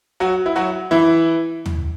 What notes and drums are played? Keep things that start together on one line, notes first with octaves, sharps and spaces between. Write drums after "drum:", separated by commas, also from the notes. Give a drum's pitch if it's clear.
F#3 F#4
E4
F#3 F#4
E3 E4
drum: tom